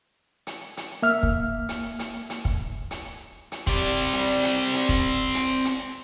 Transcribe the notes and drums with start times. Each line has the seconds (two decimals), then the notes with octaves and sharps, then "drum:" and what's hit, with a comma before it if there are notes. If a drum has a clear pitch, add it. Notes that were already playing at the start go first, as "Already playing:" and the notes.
0.47 drum: hi-hat
0.77 drum: hi-hat
1.03 A#3 E5 F6
1.23 drum: kick
1.69 drum: hi-hat
1.99 drum: hi-hat
2.30 drum: hi-hat
2.45 drum: kick
2.91 drum: hi-hat
3.52 drum: hi-hat
3.67 G3 C4 D5, drum: kick
4.13 drum: hi-hat
4.43 drum: hi-hat
4.74 drum: hi-hat
4.89 drum: kick
5.35 drum: hi-hat
5.65 drum: hi-hat